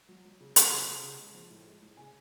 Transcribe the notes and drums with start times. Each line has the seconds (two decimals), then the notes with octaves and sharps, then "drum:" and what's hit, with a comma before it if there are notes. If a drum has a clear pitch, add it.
0.09 F#3
0.25 F#3
0.41 C#3
0.56 F#3, drum: hi-hat
0.72 C#3 A5
0.88 C#3
1.03 C#3
1.19 G#3
1.35 F3
1.50 A2
1.66 G#3
1.82 A2
1.97 C#3 G#5